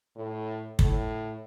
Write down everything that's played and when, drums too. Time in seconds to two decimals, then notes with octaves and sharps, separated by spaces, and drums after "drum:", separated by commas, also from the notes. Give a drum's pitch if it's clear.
0.16 A2
0.79 A2, drum: kick